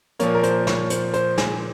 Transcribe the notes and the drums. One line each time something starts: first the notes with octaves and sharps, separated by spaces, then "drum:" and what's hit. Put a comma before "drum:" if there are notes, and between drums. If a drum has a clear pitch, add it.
A#2 F3 A#3 C#5, drum: hi-hat
A#4
C5, drum: hi-hat
C#5, drum: snare
C5, drum: hi-hat
C5, drum: hi-hat
G#4, drum: snare